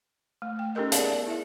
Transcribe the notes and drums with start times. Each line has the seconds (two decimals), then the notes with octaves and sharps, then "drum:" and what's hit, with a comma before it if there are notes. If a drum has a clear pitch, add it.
0.42 A3
0.59 G5
0.75 C#4 D#4 G4 A4 A#4 D#5
0.92 B3 G#4 D5 E5 F5 A5, drum: hi-hat
1.27 E4 E5